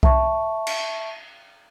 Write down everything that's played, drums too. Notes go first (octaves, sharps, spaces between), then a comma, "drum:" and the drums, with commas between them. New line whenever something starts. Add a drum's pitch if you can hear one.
E5 A5 C#6, drum: kick B1
drum: cymbal